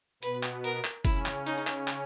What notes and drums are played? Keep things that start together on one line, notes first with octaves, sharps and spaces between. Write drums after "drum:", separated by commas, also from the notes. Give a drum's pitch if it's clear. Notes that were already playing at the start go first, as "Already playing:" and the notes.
B2 B3 B4, drum: hi-hat
drum: clap
A#4, drum: hi-hat
drum: clap
C#3 C#4 E4, drum: kick, hi-hat
drum: clap
D#4, drum: hi-hat
drum: clap
drum: clap